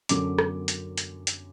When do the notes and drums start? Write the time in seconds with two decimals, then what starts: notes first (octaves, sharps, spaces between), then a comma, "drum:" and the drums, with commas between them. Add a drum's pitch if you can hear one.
0.09 F#2 D3 F#3 D6, drum: hi-hat
0.38 drum: rim click
0.68 drum: hi-hat
0.98 drum: hi-hat
1.27 drum: hi-hat